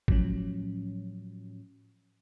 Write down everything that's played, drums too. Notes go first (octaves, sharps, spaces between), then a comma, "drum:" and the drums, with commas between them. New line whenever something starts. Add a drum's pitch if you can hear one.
A2 F3 F#3 C#4, drum: kick